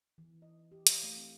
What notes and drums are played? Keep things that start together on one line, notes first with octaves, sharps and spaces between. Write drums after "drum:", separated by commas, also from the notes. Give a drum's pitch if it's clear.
E3
D#5
G4
F5, drum: hi-hat
A3
C4